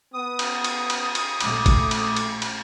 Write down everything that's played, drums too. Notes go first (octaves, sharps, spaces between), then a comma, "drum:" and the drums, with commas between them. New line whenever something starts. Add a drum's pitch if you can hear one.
B3 D#6
drum: cymbal
drum: cymbal
drum: cymbal
drum: cymbal
A#1 A3 D6, drum: cymbal
drum: kick G1, cymbal
drum: cymbal
drum: cymbal
drum: cymbal